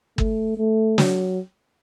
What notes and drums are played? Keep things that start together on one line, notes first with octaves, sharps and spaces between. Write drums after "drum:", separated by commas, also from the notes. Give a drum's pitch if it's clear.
A3, drum: kick
A3
F#3, drum: snare